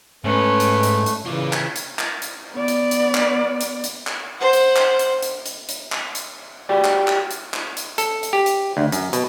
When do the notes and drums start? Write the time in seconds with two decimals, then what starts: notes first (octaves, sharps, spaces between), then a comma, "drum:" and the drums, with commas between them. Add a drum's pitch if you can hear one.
0.24 G#2 A3 C#4 B4
0.60 drum: hi-hat
0.83 drum: hi-hat
1.06 drum: hi-hat
1.26 C#3 E3 F4 D5
1.53 drum: clap
1.76 drum: hi-hat
1.99 drum: clap
2.22 drum: hi-hat
2.53 B3 D5
2.68 drum: hi-hat
2.91 drum: hi-hat
3.14 drum: clap
3.61 drum: hi-hat
3.84 drum: hi-hat
4.07 drum: clap
4.38 C5 F#5
4.53 drum: hi-hat
4.76 drum: clap
4.99 drum: hi-hat
5.22 drum: hi-hat
5.46 drum: hi-hat
5.69 drum: hi-hat
5.92 drum: clap
6.15 drum: hi-hat
6.69 F#4 G4 D5
6.84 drum: clap
7.07 drum: clap
7.31 drum: hi-hat
7.54 drum: clap
7.77 drum: hi-hat
7.98 A4, drum: hi-hat
8.23 drum: hi-hat
8.33 G4
8.46 drum: hi-hat
8.77 D2
8.92 F#2, drum: hi-hat
9.13 B2, drum: hi-hat